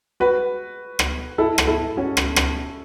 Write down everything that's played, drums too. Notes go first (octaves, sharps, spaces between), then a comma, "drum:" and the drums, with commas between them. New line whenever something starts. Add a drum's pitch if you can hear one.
F#4 B4
drum: rim click
E4 A4
drum: rim click
E4 A4
C#4 F#4
drum: rim click
drum: rim click